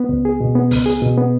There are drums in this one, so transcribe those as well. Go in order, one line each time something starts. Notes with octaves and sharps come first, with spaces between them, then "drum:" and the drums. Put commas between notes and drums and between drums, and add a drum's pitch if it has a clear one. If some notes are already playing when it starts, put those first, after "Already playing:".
Already playing: B3
C#2
G#4
B2
B3
C#2, drum: open hi-hat
G#4
B2
B3